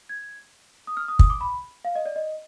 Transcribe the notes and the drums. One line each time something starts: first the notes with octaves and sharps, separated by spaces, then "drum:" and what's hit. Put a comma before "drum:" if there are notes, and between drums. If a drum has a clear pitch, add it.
G#6
D#6
F6
D#6
D#6, drum: kick
D6
B5
F5
D#5
D5
D#5